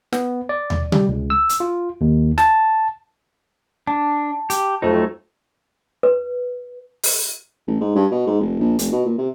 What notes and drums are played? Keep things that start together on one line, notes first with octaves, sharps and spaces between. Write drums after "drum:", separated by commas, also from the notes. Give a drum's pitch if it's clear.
B3, drum: snare
D5
drum: tom
G3, drum: tom C3
C#2
E6
drum: hi-hat
F4
D#2
A5, drum: snare
D4 A5
G4, drum: hi-hat
F2 F#3 A3 D#4
B4
drum: open hi-hat
A1
G#2
G2
B2
G#2
F1
A#1
F1, drum: hi-hat
B2
A#2
C3